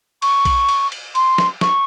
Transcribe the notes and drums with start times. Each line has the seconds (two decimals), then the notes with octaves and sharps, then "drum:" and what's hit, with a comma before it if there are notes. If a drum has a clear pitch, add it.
0.22 C#6, drum: cymbal
0.45 drum: kick B1, cymbal
0.69 drum: cymbal
0.92 drum: cymbal
1.15 C6, drum: cymbal
1.38 drum: snare
1.61 C#6, drum: snare